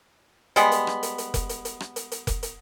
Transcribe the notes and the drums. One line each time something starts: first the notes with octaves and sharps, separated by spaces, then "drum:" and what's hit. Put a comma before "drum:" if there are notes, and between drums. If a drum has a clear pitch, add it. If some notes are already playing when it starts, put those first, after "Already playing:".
G3 G#3 B3, drum: hi-hat
drum: hi-hat
drum: rim click
drum: hi-hat
drum: hi-hat
drum: kick F1, hi-hat
drum: hi-hat
drum: hi-hat
drum: rim click
drum: hi-hat
drum: hi-hat
drum: kick F1, hi-hat
drum: hi-hat